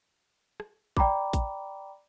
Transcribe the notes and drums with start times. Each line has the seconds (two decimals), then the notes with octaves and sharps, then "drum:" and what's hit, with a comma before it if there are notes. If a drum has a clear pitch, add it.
0.60 drum: rim click
0.97 D5 G5 A#5 B5 D6, drum: kick A1
1.33 drum: kick A1, hi-hat